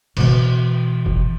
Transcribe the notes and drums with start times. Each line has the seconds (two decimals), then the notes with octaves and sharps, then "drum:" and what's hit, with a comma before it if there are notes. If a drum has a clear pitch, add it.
0.17 B2 E3, drum: cymbal
1.06 drum: kick F1